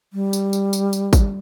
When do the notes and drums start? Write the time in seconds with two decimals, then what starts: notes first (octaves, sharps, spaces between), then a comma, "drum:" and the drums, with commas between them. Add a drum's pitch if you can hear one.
0.13 G3
0.33 drum: tambourine
0.53 drum: tambourine
0.73 drum: tambourine
0.93 drum: tambourine
1.13 drum: kick, tambourine